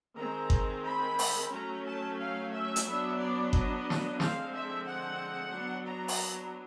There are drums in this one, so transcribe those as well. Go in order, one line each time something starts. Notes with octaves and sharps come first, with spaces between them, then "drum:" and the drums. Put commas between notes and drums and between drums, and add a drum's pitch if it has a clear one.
D#3 G#3 C4 A#5
drum: kick G1
B5
drum: open hi-hat
F#3 A3 C#4 A#5
A5
F5
E5
drum: hi-hat
F#3 B3 D4
D5
D#5, drum: kick G1
drum: snare
D3 F3 G#3 C4 F5, drum: snare
E5
F#5
F#3 B3 D4
A#5
drum: open hi-hat